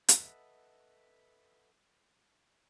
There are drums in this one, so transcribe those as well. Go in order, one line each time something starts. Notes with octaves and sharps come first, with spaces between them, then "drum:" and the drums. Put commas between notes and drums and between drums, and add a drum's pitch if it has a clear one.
A4 B4 D#5 E5 F#5, drum: hi-hat